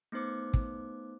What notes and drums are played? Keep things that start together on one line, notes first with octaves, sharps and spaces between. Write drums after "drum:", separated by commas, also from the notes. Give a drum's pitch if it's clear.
A3 B3 D#4 C5 D6
drum: kick